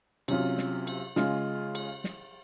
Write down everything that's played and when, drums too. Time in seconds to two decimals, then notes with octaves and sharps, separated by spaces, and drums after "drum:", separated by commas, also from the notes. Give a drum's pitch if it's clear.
0.28 C3 F#3 C#4 F4, drum: cymbal
0.58 drum: snare
0.87 drum: cymbal
1.16 C#3 G#3 C#4 F4, drum: snare
1.75 drum: cymbal
2.04 drum: snare